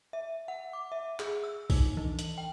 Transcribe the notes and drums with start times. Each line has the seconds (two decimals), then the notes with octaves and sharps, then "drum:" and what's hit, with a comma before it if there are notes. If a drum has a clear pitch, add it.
0.13 E5
0.48 F#5
0.73 D6
0.92 E5
1.20 G#4, drum: clap
1.44 E6
1.70 D#4, drum: kick B1, open hi-hat
1.97 E3
2.19 F#7, drum: hi-hat
2.38 G5